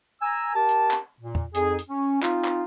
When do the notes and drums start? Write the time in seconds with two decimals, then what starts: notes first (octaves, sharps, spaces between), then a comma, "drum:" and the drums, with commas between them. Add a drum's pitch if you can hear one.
0.22 G#5 A#5 E6
0.55 G4 A#4 A5
0.69 drum: hi-hat
0.91 drum: clap
1.21 A#2
1.35 drum: tom E2
1.55 F2 D#4 G#4, drum: hi-hat
1.79 drum: hi-hat
1.89 C#4
2.23 C4 D#4 F4, drum: clap
2.45 drum: clap